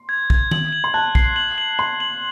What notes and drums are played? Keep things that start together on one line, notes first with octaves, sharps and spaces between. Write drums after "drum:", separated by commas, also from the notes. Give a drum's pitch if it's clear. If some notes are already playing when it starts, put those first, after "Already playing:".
Already playing: C6
G#6
G#6, drum: kick
F#7, drum: tom D#3
F#7
C6
A5 F#6
C7, drum: kick
F#7
F#7
C6 F#7
F#7